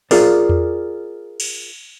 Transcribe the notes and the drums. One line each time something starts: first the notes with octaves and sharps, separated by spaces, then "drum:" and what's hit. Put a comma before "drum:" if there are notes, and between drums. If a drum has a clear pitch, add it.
F4 G#4 A#4 D5, drum: open hi-hat
drum: tom E2
drum: cymbal